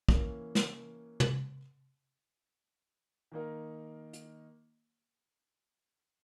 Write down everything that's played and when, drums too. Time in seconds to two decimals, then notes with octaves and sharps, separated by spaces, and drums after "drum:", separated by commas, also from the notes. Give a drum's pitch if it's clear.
0.09 E3 A#3 C#4, drum: kick
0.55 drum: snare
1.20 drum: tom
3.32 D#3 A#3 D#4 A#4
4.13 drum: hi-hat